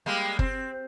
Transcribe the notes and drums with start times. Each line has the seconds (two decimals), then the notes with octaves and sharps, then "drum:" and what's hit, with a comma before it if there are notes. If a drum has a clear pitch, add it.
0.06 G3 G#3 A#3
0.39 C4, drum: kick